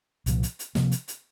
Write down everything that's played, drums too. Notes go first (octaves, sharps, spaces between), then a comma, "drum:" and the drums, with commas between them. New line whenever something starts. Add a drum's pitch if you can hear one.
C2 A#2 F3, drum: hi-hat
drum: hi-hat
drum: hi-hat
C3 F3 A#3, drum: snare
drum: hi-hat
drum: hi-hat